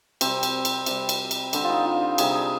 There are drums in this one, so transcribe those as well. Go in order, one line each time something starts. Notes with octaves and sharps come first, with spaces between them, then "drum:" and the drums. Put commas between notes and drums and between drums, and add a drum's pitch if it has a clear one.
C3 G3 C4, drum: cymbal
drum: cymbal
drum: cymbal
C3 G3, drum: cymbal
drum: cymbal
drum: cymbal
D3 G3 C4, drum: cymbal
F4
D#4
F4
F4
C3 G3 G#4, drum: cymbal
G#4